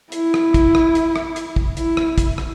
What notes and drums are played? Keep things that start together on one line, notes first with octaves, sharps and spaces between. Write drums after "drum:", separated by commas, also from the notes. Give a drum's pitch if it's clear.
E4, drum: hi-hat
drum: rim click
drum: kick, hi-hat
drum: rim click
drum: hi-hat
drum: rim click
drum: hi-hat
drum: kick
E4, drum: hi-hat
drum: rim click
drum: kick, hi-hat
drum: rim click